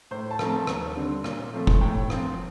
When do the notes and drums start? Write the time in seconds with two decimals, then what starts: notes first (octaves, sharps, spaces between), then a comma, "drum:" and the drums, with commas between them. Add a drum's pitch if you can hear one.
0.11 A2 C5
0.31 A5
0.39 F3 A3 C4 A#5, drum: rim click
0.50 A5
0.67 D#2, drum: rim click
0.96 D3 G3 C4
1.24 A#2, drum: rim click
1.53 F3 A3 C4
1.67 drum: kick F1
1.81 A2 G5
2.10 F3 C4, drum: rim click